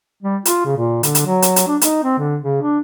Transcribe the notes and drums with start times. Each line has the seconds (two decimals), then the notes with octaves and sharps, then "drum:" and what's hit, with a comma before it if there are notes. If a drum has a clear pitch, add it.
0.23 G3
0.45 F4, drum: hi-hat
0.65 C#3
0.77 A#2
1.03 D3, drum: hi-hat
1.15 drum: hi-hat
1.25 F#3
1.42 drum: hi-hat
1.56 drum: hi-hat
1.67 D4
1.81 D#4, drum: hi-hat
2.03 C4
2.18 D3
2.42 C#3
2.61 D4